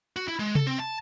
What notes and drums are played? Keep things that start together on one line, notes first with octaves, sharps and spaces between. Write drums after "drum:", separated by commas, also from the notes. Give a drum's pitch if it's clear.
F#4
E4
G#3
A4, drum: tom C3
C4
A5